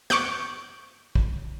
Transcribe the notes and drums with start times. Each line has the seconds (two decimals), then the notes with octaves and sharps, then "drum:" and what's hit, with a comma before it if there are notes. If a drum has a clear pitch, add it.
0.10 C#6 D6 F#6 G6, drum: snare
1.15 drum: kick